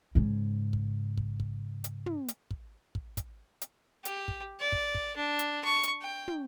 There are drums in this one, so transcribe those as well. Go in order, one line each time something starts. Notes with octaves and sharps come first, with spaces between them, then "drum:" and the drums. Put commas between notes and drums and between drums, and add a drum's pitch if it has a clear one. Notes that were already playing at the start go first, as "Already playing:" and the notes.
G#2 C#3
drum: kick
drum: kick
drum: kick
drum: hi-hat
drum: tom
drum: hi-hat
drum: kick
drum: kick
drum: kick, hi-hat
drum: hi-hat
G4, drum: hi-hat
drum: kick
D5
drum: kick
drum: kick
D4
drum: hi-hat
C#6
drum: hi-hat
G5
drum: tom